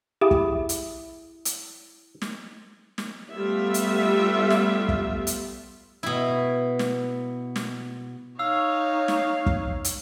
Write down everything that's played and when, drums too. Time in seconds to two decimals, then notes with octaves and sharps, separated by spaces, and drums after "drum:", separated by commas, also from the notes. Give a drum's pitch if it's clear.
0.21 E4 G4 G#4
0.31 drum: kick
0.69 drum: hi-hat
1.45 drum: hi-hat
2.22 drum: snare
2.98 drum: snare
3.32 G3 A3 B3 F4 E5
3.74 drum: hi-hat
4.50 drum: snare
4.89 drum: kick
5.27 drum: hi-hat
6.03 B2 E4
6.79 drum: snare
7.56 drum: snare
8.39 D#4 C#5 F5 E6
9.08 drum: snare
9.46 drum: kick
9.84 drum: hi-hat